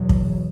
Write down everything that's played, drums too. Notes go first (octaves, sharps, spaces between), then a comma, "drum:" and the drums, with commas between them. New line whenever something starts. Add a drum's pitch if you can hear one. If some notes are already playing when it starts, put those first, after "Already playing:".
Already playing: E2 B2 F#3
drum: kick